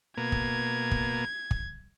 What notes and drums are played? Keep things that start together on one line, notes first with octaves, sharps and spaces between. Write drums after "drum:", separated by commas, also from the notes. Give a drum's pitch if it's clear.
B2 A#3 G#6
drum: kick
drum: kick
drum: kick